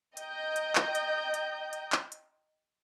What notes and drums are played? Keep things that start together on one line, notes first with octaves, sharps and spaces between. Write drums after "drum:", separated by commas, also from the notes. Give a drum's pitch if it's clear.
D#5 G5 A#5 G6, drum: hi-hat
drum: hi-hat
drum: clap
drum: hi-hat
drum: hi-hat
drum: hi-hat
drum: clap
drum: hi-hat